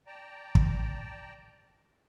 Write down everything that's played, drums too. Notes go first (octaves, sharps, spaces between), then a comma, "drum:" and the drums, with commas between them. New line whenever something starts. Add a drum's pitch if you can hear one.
D5 G5 A5 A#5
drum: kick